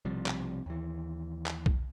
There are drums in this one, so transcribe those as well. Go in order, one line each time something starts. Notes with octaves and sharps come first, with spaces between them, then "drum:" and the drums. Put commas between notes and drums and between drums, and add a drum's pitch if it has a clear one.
B1 C3 F3 G3
drum: clap
D#2 E3
drum: clap
drum: kick B1